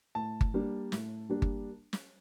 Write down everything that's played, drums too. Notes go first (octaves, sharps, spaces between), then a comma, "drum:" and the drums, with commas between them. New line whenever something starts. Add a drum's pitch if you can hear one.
A2 A5
drum: kick G1
G3 A#3 D4
A2, drum: snare
G3 A#3 D4
drum: kick G1
drum: snare